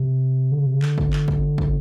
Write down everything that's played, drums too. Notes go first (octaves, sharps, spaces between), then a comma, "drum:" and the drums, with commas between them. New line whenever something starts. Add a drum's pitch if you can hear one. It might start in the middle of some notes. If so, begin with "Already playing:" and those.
Already playing: C3
D3
C#3
C3
C#3
D3, drum: clap
drum: kick
drum: clap
drum: kick
drum: kick